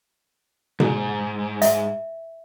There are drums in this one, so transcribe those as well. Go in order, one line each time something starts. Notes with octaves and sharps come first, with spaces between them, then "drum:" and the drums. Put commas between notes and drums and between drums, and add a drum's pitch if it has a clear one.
G#2, drum: tom B2
E5, drum: hi-hat